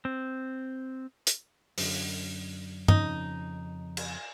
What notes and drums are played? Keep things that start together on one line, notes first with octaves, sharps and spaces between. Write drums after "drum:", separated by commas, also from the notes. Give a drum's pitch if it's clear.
C4
drum: hi-hat
F#2 D3, drum: open hi-hat
F2 C#3 D#4, drum: tom G2
drum: cymbal